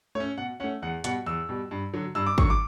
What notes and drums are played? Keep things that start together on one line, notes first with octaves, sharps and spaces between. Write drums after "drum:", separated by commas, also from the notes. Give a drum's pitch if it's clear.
A3 C#5
C#4
B2 F#5
A3 C#4 F#5
E2 F#5
B2 G3 F#5, drum: hi-hat
E2 E6
B2 G3
G2
D3 F#3
G2 E6
D6
D3 F#3 C#6, drum: kick
D6